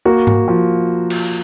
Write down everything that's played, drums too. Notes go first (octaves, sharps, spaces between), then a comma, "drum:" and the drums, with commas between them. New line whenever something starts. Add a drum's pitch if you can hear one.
A#3 F#4
drum: tom G#2
F3
drum: cymbal